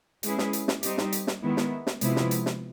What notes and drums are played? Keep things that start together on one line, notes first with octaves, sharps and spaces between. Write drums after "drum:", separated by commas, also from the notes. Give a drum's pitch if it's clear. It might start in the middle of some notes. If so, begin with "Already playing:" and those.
G#3 C#4 E4 G#4 B4, drum: hi-hat
drum: snare
drum: hi-hat
drum: snare
G3 C4 D#4 G4, drum: hi-hat
drum: snare
drum: hi-hat
drum: snare
D#3 G#3 B3 E4
drum: snare
drum: snare
C3 F3 G#3 B3 E4, drum: hi-hat
drum: snare
drum: hi-hat
drum: snare